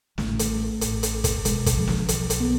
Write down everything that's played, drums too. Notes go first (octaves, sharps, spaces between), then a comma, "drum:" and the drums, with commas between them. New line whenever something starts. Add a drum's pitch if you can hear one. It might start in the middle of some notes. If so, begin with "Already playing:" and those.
A1 A2 A3, drum: snare
drum: hi-hat
A1 A2, drum: hi-hat
drum: hi-hat
drum: kick, hi-hat
B1 B2 G#3, drum: hi-hat
drum: kick, hi-hat
F3
drum: snare
B1 B2 F3, drum: hi-hat
drum: hi-hat
B3